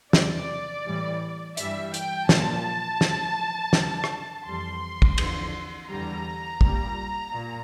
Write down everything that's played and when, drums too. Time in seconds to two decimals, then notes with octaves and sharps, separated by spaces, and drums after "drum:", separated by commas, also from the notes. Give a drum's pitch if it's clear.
0.13 E2 C3 E3 D5, drum: snare
0.86 A2 E3 G3
1.57 G2 E3 G3 E5, drum: hi-hat
1.94 G5, drum: hi-hat
2.29 A#2 F3 A5, drum: snare
3.01 A2 F3, drum: snare
3.73 G2 D3 F3, drum: snare
4.04 drum: rim click
4.45 F2 E3 G3 C6
5.02 drum: kick
5.18 E2 D3 F3, drum: cymbal
5.89 E2 D3 G3 A#5
6.61 A#2 G3, drum: kick
7.33 A#2